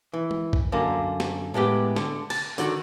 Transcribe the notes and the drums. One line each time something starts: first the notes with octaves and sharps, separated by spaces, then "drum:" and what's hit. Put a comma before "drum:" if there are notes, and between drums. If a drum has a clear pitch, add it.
E3
drum: tom
drum: kick
F#2 D3 A#3
drum: snare
A2 G#3 B3 G4
D3, drum: snare
A5, drum: cymbal
D3 D#3 F#4, drum: tambourine